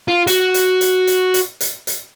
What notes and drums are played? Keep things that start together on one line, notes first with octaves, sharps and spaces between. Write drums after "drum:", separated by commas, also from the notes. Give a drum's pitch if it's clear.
F4
F#4, drum: hi-hat
drum: hi-hat
drum: hi-hat
drum: hi-hat
drum: hi-hat
drum: hi-hat
drum: hi-hat